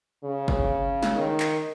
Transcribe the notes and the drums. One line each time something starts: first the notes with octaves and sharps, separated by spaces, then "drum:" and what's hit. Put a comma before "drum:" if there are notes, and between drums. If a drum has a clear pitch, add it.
C#3
drum: kick
drum: snare
D#3
drum: clap